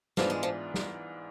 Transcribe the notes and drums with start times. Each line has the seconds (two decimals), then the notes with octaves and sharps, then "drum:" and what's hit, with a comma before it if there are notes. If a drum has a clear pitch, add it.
0.17 G#2 E3 F3 B3 D4 F4, drum: snare
0.30 G#3
0.43 F3
0.74 drum: snare